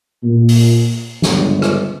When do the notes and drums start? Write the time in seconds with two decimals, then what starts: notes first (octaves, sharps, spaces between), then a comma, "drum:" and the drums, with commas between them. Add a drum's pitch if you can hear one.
0.24 A#2
0.49 drum: open hi-hat
1.22 G1 C#2, drum: snare
1.62 drum: rim click